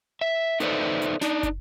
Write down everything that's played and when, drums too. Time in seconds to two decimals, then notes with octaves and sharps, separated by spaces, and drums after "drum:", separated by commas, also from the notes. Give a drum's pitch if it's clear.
0.21 E5
0.60 D#4 A4 B4 C5 D5 E5, drum: hi-hat
1.02 drum: hi-hat
1.21 D4 D#4, drum: snare
1.43 drum: kick, hi-hat